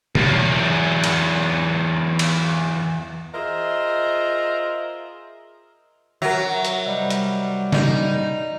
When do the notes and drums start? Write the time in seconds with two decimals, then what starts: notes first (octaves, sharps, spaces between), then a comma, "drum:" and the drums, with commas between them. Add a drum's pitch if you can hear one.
0.15 E2 F#3, drum: tom B2
1.04 drum: cymbal
2.19 drum: cymbal
3.34 F4 G#4 A#4 C5 D#5 E5
6.22 F#3 A#4 E5 A#6
6.65 drum: hi-hat
6.86 C3 G3 D#5
7.10 drum: hi-hat
7.72 D#4 D5, drum: snare